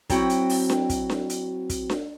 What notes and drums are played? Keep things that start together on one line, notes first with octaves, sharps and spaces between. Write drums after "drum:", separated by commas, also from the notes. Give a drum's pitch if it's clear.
F#3 C4 E4 F#4 G5, drum: kick, hi-hat
drum: hi-hat
drum: open hi-hat
drum: snare D4
drum: kick, hi-hat
drum: snare D4
drum: hi-hat
drum: kick, hi-hat
drum: snare D4